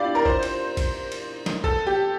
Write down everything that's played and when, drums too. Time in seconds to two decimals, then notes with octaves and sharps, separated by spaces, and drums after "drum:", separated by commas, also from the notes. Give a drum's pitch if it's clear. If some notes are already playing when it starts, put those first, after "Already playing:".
Already playing: D4 E4 F4 G4 D5
0.15 A#4
0.25 C5, drum: kick
0.43 drum: cymbal
0.77 drum: kick, cymbal
1.12 drum: cymbal
1.46 drum: snare
1.64 A4, drum: kick
1.87 G4